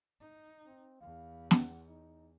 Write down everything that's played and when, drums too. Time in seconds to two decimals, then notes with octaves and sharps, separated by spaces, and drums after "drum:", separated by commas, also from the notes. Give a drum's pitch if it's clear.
0.21 D#4
0.66 C4
1.01 E2 F5
1.51 F#5, drum: snare
1.86 D#4